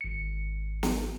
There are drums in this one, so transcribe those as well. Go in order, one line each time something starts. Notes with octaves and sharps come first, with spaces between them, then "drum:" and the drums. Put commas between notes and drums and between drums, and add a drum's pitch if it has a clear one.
G#1 C#7
drum: snare